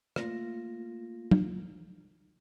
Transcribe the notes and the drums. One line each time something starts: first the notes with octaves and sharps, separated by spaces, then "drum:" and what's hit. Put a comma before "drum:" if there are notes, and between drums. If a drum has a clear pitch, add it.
A3 A#3 F4 A#6, drum: rim click
drum: tom